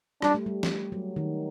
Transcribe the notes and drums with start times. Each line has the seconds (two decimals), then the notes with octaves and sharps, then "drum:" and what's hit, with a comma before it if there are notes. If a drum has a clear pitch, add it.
0.22 G3 D4, drum: rim click
0.34 A3
0.46 G3
0.63 drum: snare
0.92 F#3
1.16 D#3